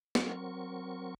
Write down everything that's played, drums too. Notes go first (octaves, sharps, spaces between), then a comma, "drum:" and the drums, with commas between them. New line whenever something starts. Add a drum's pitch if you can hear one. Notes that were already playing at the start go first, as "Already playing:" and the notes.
F#3 C4 A#4 C#6, drum: snare